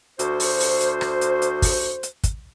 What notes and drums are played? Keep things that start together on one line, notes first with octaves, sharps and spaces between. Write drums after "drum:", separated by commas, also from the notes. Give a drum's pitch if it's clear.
D2 F#4 C5, drum: hi-hat
drum: open hi-hat
drum: open hi-hat
drum: hi-hat
drum: rim click
drum: hi-hat
drum: hi-hat
drum: kick, open hi-hat
drum: hi-hat
drum: kick, hi-hat